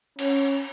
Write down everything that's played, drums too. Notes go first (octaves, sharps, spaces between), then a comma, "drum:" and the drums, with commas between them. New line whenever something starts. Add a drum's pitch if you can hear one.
C#4, drum: cymbal